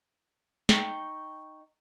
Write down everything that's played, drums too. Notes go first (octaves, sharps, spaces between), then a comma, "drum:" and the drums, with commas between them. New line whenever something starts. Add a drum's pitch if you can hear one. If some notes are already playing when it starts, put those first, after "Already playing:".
D#4 G5 C#6, drum: snare